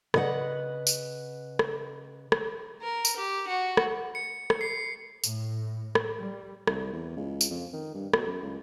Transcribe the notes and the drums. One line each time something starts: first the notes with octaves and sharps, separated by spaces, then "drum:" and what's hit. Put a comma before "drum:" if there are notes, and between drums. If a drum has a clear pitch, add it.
C#3 B4 D#5 F5 F#5, drum: rim click
drum: tambourine
drum: rim click
drum: rim click
A#4
drum: tambourine
G4
F#4
drum: rim click
C#7
drum: rim click
C7
A2, drum: tambourine
drum: rim click
G3
C2, drum: rim click
E2
C#2
drum: tambourine
F2
D#3
G2
B2, drum: rim click
F#2
C#2